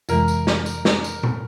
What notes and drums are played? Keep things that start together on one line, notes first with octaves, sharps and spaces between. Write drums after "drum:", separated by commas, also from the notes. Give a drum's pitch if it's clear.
F2 C3 E3 G#3 A#4, drum: tambourine
drum: tambourine
drum: snare
drum: tambourine
drum: snare
drum: tambourine
drum: tom A#2